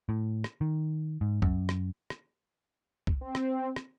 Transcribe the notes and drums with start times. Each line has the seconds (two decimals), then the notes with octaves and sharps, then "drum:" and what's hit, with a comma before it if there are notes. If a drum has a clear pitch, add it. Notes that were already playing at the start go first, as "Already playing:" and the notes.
0.09 A2
0.44 drum: rim click
0.61 D#3
1.21 G#2
1.42 F#2, drum: kick
1.69 drum: rim click
2.10 drum: rim click
3.07 drum: kick
3.21 C4
3.35 drum: rim click
3.76 drum: rim click